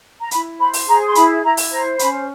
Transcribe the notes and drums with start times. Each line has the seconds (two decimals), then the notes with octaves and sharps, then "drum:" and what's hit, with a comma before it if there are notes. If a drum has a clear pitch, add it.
0.20 A#5
0.31 E4 B5, drum: hi-hat
0.59 C5 B5
0.73 drum: open hi-hat
0.87 G#4 A#5
1.07 C6
1.15 E4 B5, drum: hi-hat
1.43 E4 A#5
1.57 drum: open hi-hat
1.71 C5 A#5
1.99 C#4 B5, drum: hi-hat